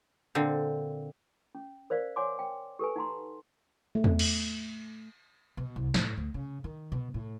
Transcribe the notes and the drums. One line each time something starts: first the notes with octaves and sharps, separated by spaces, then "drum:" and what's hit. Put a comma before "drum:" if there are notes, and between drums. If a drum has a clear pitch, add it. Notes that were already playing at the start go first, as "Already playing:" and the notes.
A#2 D3 C4
C#4
A#4 C5 D5 F5
C#5 F#5 G#5 C6 D6
G5
G4 A4 B4 G#5
D#4 F#5 A#5 C6
A3
drum: tom E2
drum: cymbal
B2
C2
A2, drum: snare
D2
C#3
D#3
B2
A2